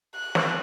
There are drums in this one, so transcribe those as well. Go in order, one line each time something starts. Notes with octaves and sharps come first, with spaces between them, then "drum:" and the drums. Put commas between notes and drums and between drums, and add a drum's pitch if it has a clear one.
F#6
drum: snare